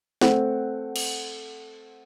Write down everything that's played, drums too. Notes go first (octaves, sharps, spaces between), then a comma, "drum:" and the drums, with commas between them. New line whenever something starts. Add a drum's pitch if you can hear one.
A3 C4 F#5, drum: snare
drum: cymbal